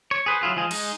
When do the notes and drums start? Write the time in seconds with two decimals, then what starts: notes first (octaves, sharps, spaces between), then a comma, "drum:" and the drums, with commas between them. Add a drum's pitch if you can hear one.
0.11 C#5
0.26 G#4 B4 C5
0.41 F#3 E4 F4 G#4
0.57 F3 G#3 G#4
0.71 G#3 D#4, drum: cymbal